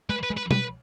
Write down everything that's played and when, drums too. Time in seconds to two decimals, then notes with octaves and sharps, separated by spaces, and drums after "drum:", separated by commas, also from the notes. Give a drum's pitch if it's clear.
0.09 G#3 B4
0.23 B4
0.30 G#3
0.37 B4
0.51 G3 B4, drum: tom